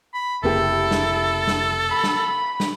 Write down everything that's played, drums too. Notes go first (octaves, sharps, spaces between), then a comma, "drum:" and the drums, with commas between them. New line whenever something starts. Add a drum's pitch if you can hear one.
B5
F1 C#3 A#3 E4 G4 A4
drum: snare
drum: snare
B5
drum: snare
drum: snare